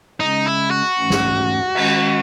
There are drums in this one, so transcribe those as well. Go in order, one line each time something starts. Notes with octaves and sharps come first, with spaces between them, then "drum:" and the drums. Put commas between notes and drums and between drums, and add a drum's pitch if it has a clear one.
C#3 G#3 C#4 D#4
E4
F#4
G#2 E3 A3 C#4
drum: snare
D#3 G#3 C#4, drum: cymbal